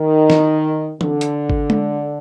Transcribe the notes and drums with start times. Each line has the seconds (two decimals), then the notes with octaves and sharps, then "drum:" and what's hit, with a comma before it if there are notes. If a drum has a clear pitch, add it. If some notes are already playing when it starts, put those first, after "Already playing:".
Already playing: D#3
0.30 drum: snare
1.01 D3, drum: tom E3
1.21 drum: hi-hat
1.50 drum: kick G1
1.70 drum: tom G#3